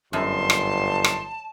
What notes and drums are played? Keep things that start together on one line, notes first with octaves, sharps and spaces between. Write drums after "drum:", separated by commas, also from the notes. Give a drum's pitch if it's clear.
G1 F#2 A2 D#4 A5 C6
drum: rim click
drum: rim click